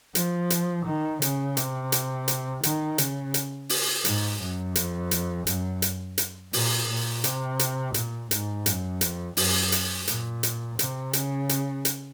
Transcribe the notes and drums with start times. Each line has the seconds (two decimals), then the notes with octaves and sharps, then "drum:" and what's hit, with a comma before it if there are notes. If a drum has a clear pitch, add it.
0.15 F3, drum: hi-hat
0.50 drum: hi-hat
0.85 D#3
1.22 C#3, drum: hi-hat
1.57 C3, drum: hi-hat
1.92 drum: hi-hat
2.28 drum: hi-hat
2.63 D#3, drum: hi-hat
2.98 C#3, drum: hi-hat
3.34 drum: hi-hat
3.69 drum: open hi-hat
4.05 G#2, drum: hi-hat
4.41 F#2
4.75 F2, drum: hi-hat
5.11 drum: hi-hat
5.47 F#2, drum: hi-hat
5.82 drum: hi-hat
6.18 drum: hi-hat
6.53 A#2, drum: open hi-hat
6.89 A#2
7.24 C3, drum: hi-hat
7.59 drum: hi-hat
7.94 A#2, drum: hi-hat
8.31 G#2, drum: hi-hat
8.66 F#2, drum: hi-hat
9.01 F2, drum: hi-hat
9.37 F#2, drum: open hi-hat
9.72 drum: hi-hat
10.07 A#2, drum: hi-hat
10.43 drum: hi-hat
10.79 C3, drum: hi-hat
11.13 C#3, drum: hi-hat
11.49 drum: hi-hat
11.85 drum: hi-hat